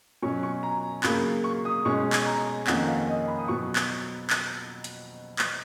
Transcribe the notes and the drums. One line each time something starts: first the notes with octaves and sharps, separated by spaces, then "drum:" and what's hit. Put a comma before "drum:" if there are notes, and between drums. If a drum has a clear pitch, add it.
B2 F#3 C#4 C#6
C#6
A#5
C#3 F#3 A#3 B5, drum: clap
C#6
D#6
B2 G#3 C#4 C#6
drum: clap
A#5
F2 D#3 A#3 C#4 F#5, drum: clap
F5
D#5
B5
D#6
B2 F#3 B3 C#6
drum: clap
drum: clap
drum: hi-hat
drum: clap